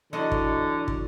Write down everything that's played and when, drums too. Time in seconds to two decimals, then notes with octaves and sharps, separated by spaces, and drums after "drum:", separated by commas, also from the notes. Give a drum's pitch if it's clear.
0.13 E2 D3 F#3 D#5
0.32 drum: kick
0.88 drum: kick